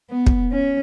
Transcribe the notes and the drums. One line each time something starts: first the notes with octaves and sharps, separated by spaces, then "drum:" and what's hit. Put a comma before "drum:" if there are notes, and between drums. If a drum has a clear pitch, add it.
B3
drum: kick
C#4